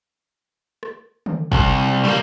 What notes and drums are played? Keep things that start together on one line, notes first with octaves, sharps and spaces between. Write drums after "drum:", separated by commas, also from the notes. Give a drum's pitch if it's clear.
drum: rim click
drum: tom D3
C2, drum: kick
G3 A#3